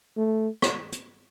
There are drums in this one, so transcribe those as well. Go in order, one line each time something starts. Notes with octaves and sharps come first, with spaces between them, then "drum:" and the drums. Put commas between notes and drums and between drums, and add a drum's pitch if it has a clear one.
A3
drum: rim click
drum: hi-hat